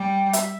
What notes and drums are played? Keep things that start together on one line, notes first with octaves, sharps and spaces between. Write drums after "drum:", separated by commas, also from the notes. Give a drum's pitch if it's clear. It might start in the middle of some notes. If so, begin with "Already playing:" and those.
Already playing: G3 G5
E5, drum: hi-hat